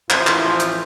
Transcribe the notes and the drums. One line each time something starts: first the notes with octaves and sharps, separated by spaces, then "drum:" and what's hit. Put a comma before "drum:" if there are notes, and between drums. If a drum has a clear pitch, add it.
A1 F2 E3 F3 E4 C5, drum: clap
drum: clap
drum: hi-hat